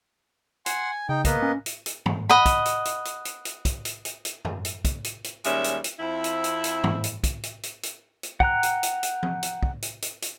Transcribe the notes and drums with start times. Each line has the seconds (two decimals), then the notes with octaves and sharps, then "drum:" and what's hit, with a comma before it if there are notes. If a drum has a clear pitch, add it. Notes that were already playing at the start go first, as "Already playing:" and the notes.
0.66 F#5 G#5 C6, drum: hi-hat
0.91 G#5
1.09 C#3 D#4 G5
1.25 A#3 B3 D#5, drum: kick, hi-hat
1.42 C#4
1.66 drum: hi-hat
1.86 drum: hi-hat
2.06 drum: tom
2.29 D#5 F#5 B5
2.46 drum: kick, hi-hat
2.65 drum: hi-hat
2.85 drum: hi-hat
3.05 drum: hi-hat
3.25 drum: hi-hat
3.45 drum: hi-hat
3.65 drum: kick, hi-hat
3.85 drum: hi-hat
4.05 drum: hi-hat
4.25 drum: hi-hat
4.45 drum: tom F#2
4.65 drum: hi-hat
4.85 drum: kick, hi-hat
5.04 drum: hi-hat
5.24 drum: hi-hat
5.44 D#2 G3 G#3 C#4 E5, drum: hi-hat
5.64 drum: hi-hat
5.84 drum: hi-hat
5.99 F2 C4 E4
6.24 drum: hi-hat
6.44 drum: hi-hat
6.64 drum: hi-hat
6.84 drum: tom
7.04 drum: hi-hat
7.24 drum: kick, hi-hat
7.43 drum: hi-hat
7.63 drum: hi-hat
7.83 drum: hi-hat
8.23 drum: hi-hat
8.40 F#5 G5 A#5 F#6, drum: kick
8.63 drum: hi-hat
8.83 drum: hi-hat
9.03 drum: hi-hat
9.23 drum: tom F3
9.43 drum: hi-hat
9.63 drum: kick
9.82 drum: hi-hat
10.02 drum: hi-hat
10.22 drum: hi-hat